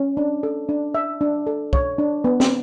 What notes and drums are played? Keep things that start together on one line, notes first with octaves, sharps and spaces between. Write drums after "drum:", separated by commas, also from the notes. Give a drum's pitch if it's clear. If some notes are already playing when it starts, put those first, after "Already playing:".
Already playing: C#4
D4
A4
D4
E5
D4
A4
C#5, drum: kick
D4
B3
drum: snare